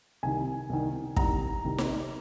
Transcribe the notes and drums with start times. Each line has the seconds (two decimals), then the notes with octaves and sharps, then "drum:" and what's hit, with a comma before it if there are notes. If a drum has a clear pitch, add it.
0.23 C2 C3 D#3 G#5
0.70 C2 C3 D#3
1.16 C2 C3 D#3 A#5, drum: kick
1.64 C2 C3 D#3
1.78 drum: snare D#4